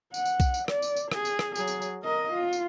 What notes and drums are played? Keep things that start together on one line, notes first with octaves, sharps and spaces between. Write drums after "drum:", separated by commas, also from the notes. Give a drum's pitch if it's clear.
F#5, drum: tambourine
drum: tambourine
drum: kick B1, tambourine
drum: tambourine
D5, drum: rim click
drum: tambourine
drum: tambourine
G#4, drum: rim click
drum: tambourine
drum: rim click
F#3 G#4, drum: tambourine
drum: tambourine
drum: tambourine
A#4 D#5
F4
drum: tambourine